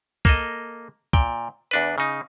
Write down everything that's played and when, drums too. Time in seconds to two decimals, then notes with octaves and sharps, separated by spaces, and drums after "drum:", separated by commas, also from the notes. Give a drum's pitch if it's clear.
0.25 A#3 A4 D#5, drum: kick
1.13 A#2 G5, drum: kick
1.71 E2 D4 B4
1.98 C#3 D#4